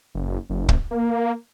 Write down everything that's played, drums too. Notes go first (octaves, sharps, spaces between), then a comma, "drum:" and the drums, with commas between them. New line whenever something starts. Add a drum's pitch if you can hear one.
F#1
F#1
drum: kick
A#3